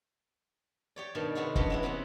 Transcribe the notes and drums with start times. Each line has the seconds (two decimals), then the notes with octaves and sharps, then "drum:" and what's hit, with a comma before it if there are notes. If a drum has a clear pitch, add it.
0.96 G4 C#5 D5
1.15 G2 B2 D#3 G3
1.35 C3 B3 F#4 G#4 C#5
1.55 G2 E3 B3 C#4 G4 D#5, drum: kick
1.70 G#3 B3 E4
1.83 C3 F#3 G#3 B3